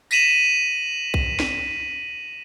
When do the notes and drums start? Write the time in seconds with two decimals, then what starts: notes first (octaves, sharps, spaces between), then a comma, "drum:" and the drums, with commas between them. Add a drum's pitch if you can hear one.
0.11 A#6 B6 D#7 E7 F#7, drum: tambourine
1.14 drum: kick
1.40 drum: snare